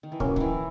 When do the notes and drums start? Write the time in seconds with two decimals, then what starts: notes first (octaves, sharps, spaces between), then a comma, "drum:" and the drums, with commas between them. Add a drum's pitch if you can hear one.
0.03 D#3
0.12 E3
0.20 B1 B2 F#3 A#3 C#4, drum: kick
0.36 D#3 E3, drum: kick